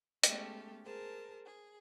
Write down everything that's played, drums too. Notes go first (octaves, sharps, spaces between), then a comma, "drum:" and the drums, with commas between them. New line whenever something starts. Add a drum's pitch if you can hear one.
G#3 A3 B3 C#4 G4 A4, drum: hi-hat
G#4 A#4 C5 A5
G#4